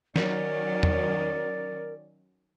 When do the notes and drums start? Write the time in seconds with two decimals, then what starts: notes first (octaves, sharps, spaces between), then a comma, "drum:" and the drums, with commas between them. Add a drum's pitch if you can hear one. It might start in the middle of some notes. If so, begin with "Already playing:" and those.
0.16 D#3 F#3 C#4 A#4 D5, drum: snare
0.83 drum: tom E2